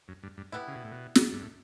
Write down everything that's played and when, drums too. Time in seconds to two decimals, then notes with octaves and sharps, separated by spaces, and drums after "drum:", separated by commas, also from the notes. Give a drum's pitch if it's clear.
0.08 F#2
0.23 G2
0.38 G2
0.52 A2 G3 B3 E4
0.68 C#3
0.75 B2
0.84 A2
0.92 B2
1.15 drum: snare
1.32 G2
1.42 A2